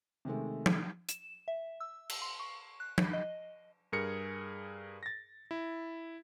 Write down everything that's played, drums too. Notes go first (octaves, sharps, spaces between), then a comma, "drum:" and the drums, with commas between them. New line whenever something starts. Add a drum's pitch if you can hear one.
C3 D#3 G#3 A3
drum: tom
E7, drum: hi-hat
E5
E6
drum: cymbal
C6
C#6
F#6
drum: tom
D#5
G2 G#4 A#4 C#7
A6 A#6
E4